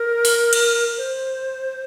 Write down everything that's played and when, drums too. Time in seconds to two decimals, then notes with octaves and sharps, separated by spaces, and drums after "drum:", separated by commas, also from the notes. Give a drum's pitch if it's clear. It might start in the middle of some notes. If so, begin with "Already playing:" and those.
Already playing: A#4
0.25 drum: open hi-hat
0.53 drum: cymbal
0.98 C5